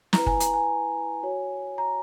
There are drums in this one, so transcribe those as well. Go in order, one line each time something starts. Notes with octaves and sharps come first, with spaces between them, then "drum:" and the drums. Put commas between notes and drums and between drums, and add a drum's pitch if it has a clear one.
E4 B4 A#5, drum: snare
G#5, drum: kick
A#5, drum: hi-hat
G#5
F#4 C#5
A#5